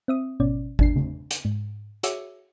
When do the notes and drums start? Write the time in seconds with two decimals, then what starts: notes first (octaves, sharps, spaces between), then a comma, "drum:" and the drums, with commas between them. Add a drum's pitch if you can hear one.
0.08 C4 E5 D#6
0.40 G#1 B2 C#4 D5
0.79 E2 D4 C7, drum: kick G#1
0.96 drum: tom C#3
1.31 drum: hi-hat
1.45 G#2
2.03 F#4 G#4 C#5 E5 D6 E6, drum: hi-hat